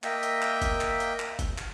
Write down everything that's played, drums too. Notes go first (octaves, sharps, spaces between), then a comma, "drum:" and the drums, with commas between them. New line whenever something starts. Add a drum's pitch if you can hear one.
A#3 D#5 E5 G5, drum: clap
drum: hi-hat
drum: clap
drum: kick, hi-hat
drum: clap
drum: hi-hat
drum: clap
drum: kick, hi-hat
drum: clap